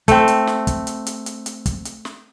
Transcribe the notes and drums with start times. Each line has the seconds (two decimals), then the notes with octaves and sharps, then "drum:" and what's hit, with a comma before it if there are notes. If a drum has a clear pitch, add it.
0.08 A3 C4, drum: kick, hi-hat
0.28 drum: hi-hat
0.47 drum: snare
0.67 drum: kick, hi-hat
0.87 drum: hi-hat
1.06 drum: hi-hat
1.26 drum: hi-hat
1.46 drum: hi-hat
1.66 drum: kick, hi-hat
1.85 drum: hi-hat
2.05 drum: snare